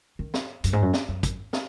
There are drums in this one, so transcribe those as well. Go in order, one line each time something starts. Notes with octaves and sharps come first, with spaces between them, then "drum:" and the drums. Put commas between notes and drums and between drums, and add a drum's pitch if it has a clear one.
D#3
drum: snare
F#2, drum: hi-hat
G#2
F#2
drum: snare
F#2
drum: kick, hi-hat
drum: snare